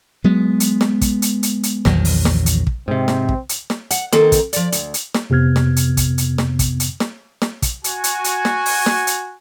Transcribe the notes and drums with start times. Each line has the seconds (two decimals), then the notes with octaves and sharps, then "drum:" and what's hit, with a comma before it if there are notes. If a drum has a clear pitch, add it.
0.24 F#3 G#3 B3
0.60 drum: hi-hat
0.81 drum: snare
1.01 drum: kick, hi-hat
1.22 drum: hi-hat
1.43 drum: hi-hat
1.63 drum: hi-hat
1.85 A#1 E2 D#3 F#3, drum: snare
2.05 drum: open hi-hat
2.25 drum: snare
2.46 drum: hi-hat
2.67 drum: kick
2.88 G#2 C3 C4
3.08 drum: snare
3.29 drum: kick
3.49 drum: hi-hat
3.70 drum: snare
3.91 F#5, drum: hi-hat
4.13 D#3 A#3 C4 A4, drum: snare
4.32 drum: kick, hi-hat
4.53 F3 D5, drum: hi-hat
4.72 D2, drum: hi-hat
4.94 drum: hi-hat
5.14 drum: snare
5.30 F2 C3 B3 F6 G#6
5.56 drum: snare
5.76 drum: hi-hat
5.97 drum: kick, hi-hat
6.18 drum: hi-hat
6.38 drum: snare
6.59 drum: kick, hi-hat
6.80 drum: hi-hat
7.00 drum: snare
7.42 drum: snare
7.62 drum: kick, hi-hat
7.84 F#4 G#5, drum: hi-hat
8.04 drum: hi-hat
8.24 drum: hi-hat
8.45 drum: snare
8.66 drum: open hi-hat
8.86 drum: snare
9.07 drum: hi-hat